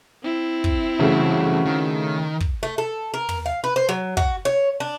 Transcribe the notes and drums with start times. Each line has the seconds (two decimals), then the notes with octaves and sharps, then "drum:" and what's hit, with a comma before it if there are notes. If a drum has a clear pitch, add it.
0.23 C4 E4
0.64 drum: kick
1.00 C#3 E3 G3 A3 F#4
1.65 D#3
2.40 drum: kick
2.63 A3
2.78 A4
3.14 A#4
3.29 drum: tom
3.46 F5
3.64 B4
3.76 C5
3.89 F#3
4.17 F#4, drum: kick
4.45 C#5
4.80 D4